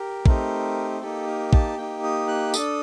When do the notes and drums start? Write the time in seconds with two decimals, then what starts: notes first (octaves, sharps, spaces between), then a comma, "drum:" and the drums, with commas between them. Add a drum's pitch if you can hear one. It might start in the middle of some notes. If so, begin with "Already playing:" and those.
Already playing: G4 A#4
0.26 A3 C4 D#4 G4, drum: kick
1.01 A#3 D#4 G4 A4
1.27 A#4
1.53 A5, drum: kick
1.77 A#3 D#4 G4 G5
2.03 D#6
2.28 F#6
2.54 D4 A4 D#6, drum: tambourine